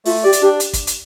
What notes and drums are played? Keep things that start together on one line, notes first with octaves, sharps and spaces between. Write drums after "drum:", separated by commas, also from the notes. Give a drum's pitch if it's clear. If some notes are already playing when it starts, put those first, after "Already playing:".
A3 F4, drum: open hi-hat
G4 D5
drum: hi-hat
D4 G4
drum: hi-hat
drum: kick, hi-hat
drum: hi-hat